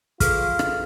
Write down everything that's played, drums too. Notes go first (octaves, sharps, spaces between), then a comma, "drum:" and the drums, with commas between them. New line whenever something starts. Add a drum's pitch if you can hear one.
F4 G#4 A4 B4 F6, drum: kick, hi-hat
drum: rim click